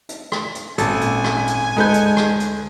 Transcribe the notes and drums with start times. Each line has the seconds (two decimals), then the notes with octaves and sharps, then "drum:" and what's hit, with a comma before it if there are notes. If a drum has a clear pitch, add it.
0.09 drum: hi-hat
0.32 drum: rim click
0.55 drum: hi-hat
0.78 G#1 A#2 C#4 A4 G#5, drum: hi-hat
1.01 drum: hi-hat
1.24 drum: rim click
1.47 drum: hi-hat
1.77 D2 G#3 A3 D#4 A4 B4 F#5 G6
1.94 drum: hi-hat
2.17 drum: rim click
2.40 drum: hi-hat